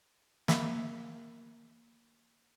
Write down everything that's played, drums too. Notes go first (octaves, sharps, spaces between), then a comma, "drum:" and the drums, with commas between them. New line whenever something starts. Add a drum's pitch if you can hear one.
A#3 E5 B5, drum: snare